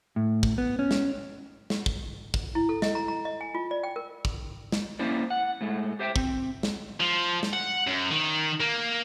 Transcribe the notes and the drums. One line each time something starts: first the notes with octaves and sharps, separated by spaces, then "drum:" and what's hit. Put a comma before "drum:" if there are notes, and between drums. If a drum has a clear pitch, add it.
A2
drum: kick
B3
C#4
drum: snare
drum: snare
drum: kick
drum: kick
E4
A4
D#5, drum: snare
A#5
A#5
D#5
G#5
F4
D5
G5
A#4
drum: kick
drum: snare
A#3 C#4 E4 C5 D5
F#5
A2 G#3 A3
G4 C5 E5 F#5 G5
C4, drum: kick
drum: snare
F3
drum: snare
F#5
F#2
D#3
A#3